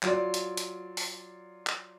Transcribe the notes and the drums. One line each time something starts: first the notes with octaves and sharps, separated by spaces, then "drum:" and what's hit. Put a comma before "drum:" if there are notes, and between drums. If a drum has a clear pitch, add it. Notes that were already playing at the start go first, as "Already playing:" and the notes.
F#3 F4 D5, drum: clap
drum: hi-hat
drum: hi-hat
drum: open hi-hat
drum: clap